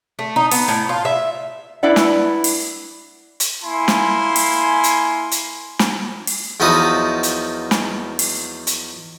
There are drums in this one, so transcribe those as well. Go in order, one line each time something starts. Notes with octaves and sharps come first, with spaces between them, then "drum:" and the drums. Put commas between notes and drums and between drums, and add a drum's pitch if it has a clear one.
A3
D#4
B3, drum: open hi-hat
A2
F4
E5
D4 E4 B4 D5 F#5
drum: snare
drum: open hi-hat
drum: hi-hat
A#3 E4 G#5 C6
drum: snare
drum: open hi-hat
drum: hi-hat
drum: hi-hat
drum: snare
drum: open hi-hat
E2 F3 F#3 D#4 B4 D#6
drum: hi-hat
drum: snare
drum: open hi-hat
drum: hi-hat